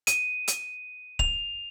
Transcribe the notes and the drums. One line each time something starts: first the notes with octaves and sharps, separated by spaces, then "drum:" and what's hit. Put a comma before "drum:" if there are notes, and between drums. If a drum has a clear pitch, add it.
D#7, drum: hi-hat
drum: hi-hat
F7, drum: kick C#1